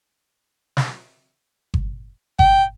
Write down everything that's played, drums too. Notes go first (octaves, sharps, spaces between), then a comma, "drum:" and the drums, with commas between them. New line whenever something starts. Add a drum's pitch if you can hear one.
drum: snare
drum: kick G1
G5, drum: kick G1